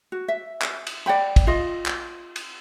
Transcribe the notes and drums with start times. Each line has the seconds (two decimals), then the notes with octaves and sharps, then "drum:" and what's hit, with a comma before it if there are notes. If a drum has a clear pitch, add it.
0.12 F#4
0.28 E5
0.62 drum: clap
0.87 drum: cymbal
1.06 D5 F#5 G5 B5
1.36 drum: kick, cymbal
1.47 F4 D#5
1.86 drum: clap
2.36 drum: cymbal